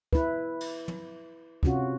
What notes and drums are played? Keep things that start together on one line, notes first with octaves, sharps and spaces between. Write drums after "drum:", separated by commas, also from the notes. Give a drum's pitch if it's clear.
E4 B4, drum: kick
drum: cymbal
drum: tom
C3 C#4 F4 F#4, drum: kick